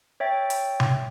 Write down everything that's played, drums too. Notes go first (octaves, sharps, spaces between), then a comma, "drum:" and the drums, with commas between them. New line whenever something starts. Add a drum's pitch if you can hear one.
C#5 E5 G5 A6
drum: hi-hat
drum: tom C3